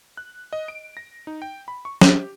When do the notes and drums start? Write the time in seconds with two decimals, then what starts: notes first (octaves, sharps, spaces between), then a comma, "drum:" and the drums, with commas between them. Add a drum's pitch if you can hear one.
0.17 F#6
0.53 D#5
0.68 D7
0.97 A#6
1.27 D#4
1.42 G5
1.68 B5
1.85 C#6
2.01 G4, drum: snare